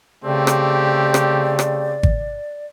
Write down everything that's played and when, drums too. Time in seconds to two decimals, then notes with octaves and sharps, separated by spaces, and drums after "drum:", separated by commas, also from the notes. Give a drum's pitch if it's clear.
0.25 C#3 A3 C4 G4 D5
0.47 drum: rim click
1.14 drum: rim click
1.59 drum: rim click
2.03 drum: kick G#1